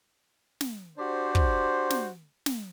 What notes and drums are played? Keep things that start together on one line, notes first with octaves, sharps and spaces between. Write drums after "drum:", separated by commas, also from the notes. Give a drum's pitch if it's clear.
drum: snare
D4 F#4 G4 C5
drum: kick
drum: snare
drum: snare